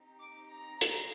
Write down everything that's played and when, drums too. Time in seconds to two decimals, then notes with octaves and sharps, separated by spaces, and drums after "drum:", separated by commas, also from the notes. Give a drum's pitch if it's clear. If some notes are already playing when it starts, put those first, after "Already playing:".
Already playing: C4 D#4 G4
0.20 D6
0.51 A#5
0.81 drum: hi-hat